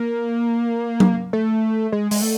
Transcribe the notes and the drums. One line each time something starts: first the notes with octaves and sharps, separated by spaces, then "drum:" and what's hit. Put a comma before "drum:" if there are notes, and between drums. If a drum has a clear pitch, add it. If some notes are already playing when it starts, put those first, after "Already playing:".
Already playing: A#3
drum: tom F#3
A3
G#3
G#3, drum: open hi-hat
A3